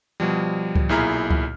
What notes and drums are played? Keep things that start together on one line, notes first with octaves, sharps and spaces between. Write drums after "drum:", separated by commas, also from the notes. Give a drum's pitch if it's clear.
B2 F3 G3
drum: kick C#2
B1 A#2 E4 G#4 A#5 F6
drum: kick C#2